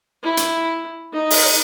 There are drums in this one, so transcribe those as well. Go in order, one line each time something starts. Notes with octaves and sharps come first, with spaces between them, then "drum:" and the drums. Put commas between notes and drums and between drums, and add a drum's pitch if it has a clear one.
E4
drum: hi-hat
D#4
drum: open hi-hat